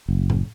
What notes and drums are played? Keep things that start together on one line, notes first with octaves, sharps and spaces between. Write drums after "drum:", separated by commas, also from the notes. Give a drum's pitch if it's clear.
F#1
drum: tom A2